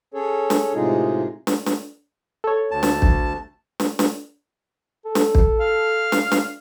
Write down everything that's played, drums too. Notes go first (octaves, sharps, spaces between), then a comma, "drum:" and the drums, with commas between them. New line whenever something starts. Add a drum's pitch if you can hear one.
C#4 G#4 A4 C#5
drum: snare
A2 C3 G#3 D#4 F4 G#4
drum: snare
drum: snare
A4 C#5
D2 A5
drum: snare
drum: kick
drum: snare
drum: snare
A4
drum: snare
drum: kick
F5
drum: snare
drum: snare